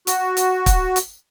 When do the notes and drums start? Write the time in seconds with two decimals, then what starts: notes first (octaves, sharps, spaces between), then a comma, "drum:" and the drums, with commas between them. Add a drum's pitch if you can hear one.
0.07 F#4, drum: hi-hat
0.37 drum: hi-hat
0.66 drum: kick, hi-hat
0.96 drum: hi-hat